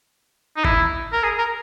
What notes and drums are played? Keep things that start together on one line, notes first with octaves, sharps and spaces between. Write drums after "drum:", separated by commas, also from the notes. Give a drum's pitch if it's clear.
D#4
E4, drum: kick
A#4
G#4
A#4